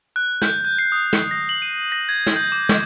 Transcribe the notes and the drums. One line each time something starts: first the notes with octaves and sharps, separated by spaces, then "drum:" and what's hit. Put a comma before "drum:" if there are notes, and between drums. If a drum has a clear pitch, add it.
F#6
G6, drum: snare
G6
C7
D#6
drum: snare
A#6
F#7
D#7
A#6
G#6
drum: snare
G6
D6
drum: snare